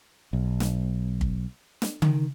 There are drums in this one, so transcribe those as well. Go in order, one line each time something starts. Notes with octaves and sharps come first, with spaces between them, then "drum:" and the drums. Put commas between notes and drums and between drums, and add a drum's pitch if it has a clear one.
B1
drum: snare
drum: kick
drum: snare
D#3, drum: tom C#3